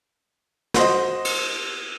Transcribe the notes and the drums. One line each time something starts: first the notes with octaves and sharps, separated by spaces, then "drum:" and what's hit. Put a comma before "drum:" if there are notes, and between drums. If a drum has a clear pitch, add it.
F#4 C5 D#5, drum: snare
drum: cymbal